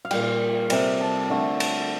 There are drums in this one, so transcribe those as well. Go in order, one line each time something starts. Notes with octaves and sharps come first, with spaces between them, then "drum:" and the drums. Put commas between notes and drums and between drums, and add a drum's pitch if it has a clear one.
F5
A#2 G3 G5, drum: cymbal
C3 G3, drum: cymbal
A5
D3 A3
A5, drum: cymbal